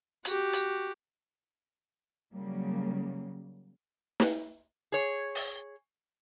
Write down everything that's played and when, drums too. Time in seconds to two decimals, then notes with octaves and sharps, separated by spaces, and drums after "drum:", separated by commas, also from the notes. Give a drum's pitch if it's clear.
0.25 F#4 G4, drum: hi-hat
0.53 drum: hi-hat
2.34 C#3 F#3 G3 A#3
4.20 drum: snare
4.92 G#4 C#5
5.35 drum: open hi-hat